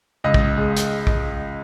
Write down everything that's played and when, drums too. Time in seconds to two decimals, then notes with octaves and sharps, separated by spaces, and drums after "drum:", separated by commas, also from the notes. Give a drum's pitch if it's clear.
0.24 C#2 D#5
0.34 drum: kick
0.57 G#3
0.77 drum: hi-hat
1.07 drum: kick